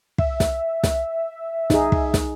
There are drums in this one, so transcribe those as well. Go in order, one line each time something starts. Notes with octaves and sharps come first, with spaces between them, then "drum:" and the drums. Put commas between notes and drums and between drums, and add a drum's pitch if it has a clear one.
E5, drum: kick
drum: snare
drum: snare
D#4 G#4, drum: snare
drum: kick
drum: snare